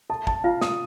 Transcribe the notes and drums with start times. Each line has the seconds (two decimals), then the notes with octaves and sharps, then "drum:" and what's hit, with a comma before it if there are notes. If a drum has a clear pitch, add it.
0.10 A4 A5
0.27 A5, drum: kick G#1
0.44 F4 F5
0.61 D#6, drum: snare